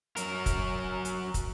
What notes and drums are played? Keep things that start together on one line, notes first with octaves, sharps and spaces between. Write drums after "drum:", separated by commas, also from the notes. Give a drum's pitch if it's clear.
F#3 A#4, drum: hi-hat
drum: kick, hi-hat
drum: hi-hat
drum: kick, hi-hat